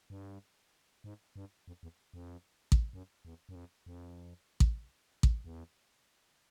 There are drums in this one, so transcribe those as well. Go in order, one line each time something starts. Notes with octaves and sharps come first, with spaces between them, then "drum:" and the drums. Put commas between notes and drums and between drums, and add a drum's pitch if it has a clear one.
G2
G#2
G2
F2
E2
F2
drum: kick A1
F#2
E2
F#2
F2
F2
drum: kick A1
drum: kick A1
E2